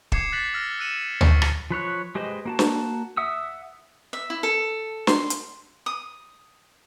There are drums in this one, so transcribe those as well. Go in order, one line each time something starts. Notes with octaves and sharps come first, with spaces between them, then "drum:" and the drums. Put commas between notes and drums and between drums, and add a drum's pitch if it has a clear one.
D6 G#6 C7 C#7 E7, drum: kick
F#6 A6 B6 F#7
E6 F6 A#6
E6 F#6 C#7 D#7 E7 F#7
C#6, drum: tom
drum: rim click
F3 B4 C#5 F#6
G#3 G4 B4 C5 D#5
A#3 F#4 A5
drum: snare
E5 F#5 D#6 E6
E5
E4
A4
C6, drum: snare
drum: hi-hat
D#6